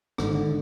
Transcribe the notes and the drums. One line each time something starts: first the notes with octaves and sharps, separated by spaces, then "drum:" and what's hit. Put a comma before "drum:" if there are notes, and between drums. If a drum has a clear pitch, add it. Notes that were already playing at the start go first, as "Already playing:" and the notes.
G#1 G#2 D3 D#3 G#3 D#4, drum: rim click
D3